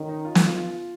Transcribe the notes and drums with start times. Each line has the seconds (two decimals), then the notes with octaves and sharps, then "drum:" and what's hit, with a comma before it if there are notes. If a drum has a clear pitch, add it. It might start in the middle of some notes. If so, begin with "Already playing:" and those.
Already playing: D#3 C#4
0.09 D#4
0.25 F4
0.35 F4, drum: snare
0.46 F4
0.56 F4